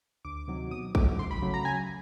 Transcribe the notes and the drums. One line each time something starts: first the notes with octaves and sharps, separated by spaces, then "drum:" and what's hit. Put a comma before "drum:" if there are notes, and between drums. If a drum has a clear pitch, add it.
D2 D6
C3 D#3 F#3
B2 D#6
F#3 A3 D6, drum: kick
C#2 C6
B5
C#3 F#3 A3
A#5
C#3 G#5